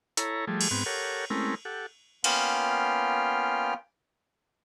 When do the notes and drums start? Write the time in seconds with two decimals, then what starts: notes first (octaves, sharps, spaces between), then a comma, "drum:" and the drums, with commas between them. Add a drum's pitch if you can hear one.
0.17 E4 A4 C#5 A#5, drum: hi-hat
0.47 F3 G3 A3 G#4
0.61 drum: cymbal
0.71 G#2 B3 C4
0.86 G4 A4 A#4 C#5 F#5
1.30 G#3 A3 C4 C#4 E4 A#4
1.65 G4 A4 F#5
2.24 A#3 B3 C#4 F4 G5 F6, drum: cymbal